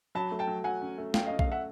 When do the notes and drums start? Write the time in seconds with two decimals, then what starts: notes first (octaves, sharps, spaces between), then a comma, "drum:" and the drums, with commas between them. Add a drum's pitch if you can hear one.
0.15 F#3 A5 B5
0.32 A3
0.39 G5 A5
0.48 F#3
0.64 F#3 F#5 G#5
0.82 C#4
0.98 A3
1.14 C#4 F5 G5, drum: snare
1.26 D#5 F5
1.31 C#4
1.39 D#5 F5, drum: kick B1
1.47 A3 E5 F#5